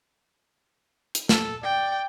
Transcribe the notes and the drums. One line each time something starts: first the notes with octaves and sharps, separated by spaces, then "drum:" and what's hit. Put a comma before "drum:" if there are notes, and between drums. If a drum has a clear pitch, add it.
drum: hi-hat
A4, drum: snare
D5 G5